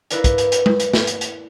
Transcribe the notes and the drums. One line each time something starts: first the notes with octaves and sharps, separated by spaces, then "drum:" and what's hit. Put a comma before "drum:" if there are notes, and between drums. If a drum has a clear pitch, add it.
E4 A#4 B4 D5 F5, drum: hi-hat
drum: kick, hi-hat
drum: hi-hat
drum: hi-hat
drum: tom G#3
drum: hi-hat
drum: snare
drum: hi-hat
drum: hi-hat